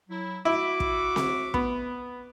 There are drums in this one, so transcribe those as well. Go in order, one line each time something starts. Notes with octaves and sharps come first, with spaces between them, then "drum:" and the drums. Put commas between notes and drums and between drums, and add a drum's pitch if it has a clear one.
F#3 E4
E4 F#4 E5 D6
drum: kick
drum: snare C4
B3, drum: kick